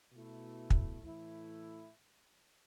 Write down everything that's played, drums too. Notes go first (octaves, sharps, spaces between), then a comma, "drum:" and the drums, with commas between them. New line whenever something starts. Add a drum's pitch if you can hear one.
B2 A3 E4
drum: kick
A2 E3 A3 E4